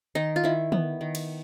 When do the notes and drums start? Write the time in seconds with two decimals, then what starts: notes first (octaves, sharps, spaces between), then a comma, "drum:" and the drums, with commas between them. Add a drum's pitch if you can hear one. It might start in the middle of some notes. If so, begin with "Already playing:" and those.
0.15 D#3 D#4
0.36 F4
0.44 D#3 E4
0.72 B3, drum: tom
1.01 D#3
1.15 drum: cymbal